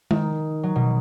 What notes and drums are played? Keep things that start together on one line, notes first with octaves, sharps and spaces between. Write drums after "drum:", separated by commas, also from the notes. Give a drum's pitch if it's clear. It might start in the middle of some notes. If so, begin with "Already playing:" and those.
D#3, drum: tom G#3
F#3
B2